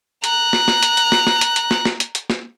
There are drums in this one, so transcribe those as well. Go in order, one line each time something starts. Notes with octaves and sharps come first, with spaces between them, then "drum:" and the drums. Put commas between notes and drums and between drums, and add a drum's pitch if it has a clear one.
A#5 F#6, drum: hi-hat
drum: snare
drum: snare
drum: hi-hat
drum: hi-hat
drum: snare
drum: snare
drum: hi-hat
drum: hi-hat
drum: snare
drum: snare
drum: hi-hat
drum: hi-hat
drum: snare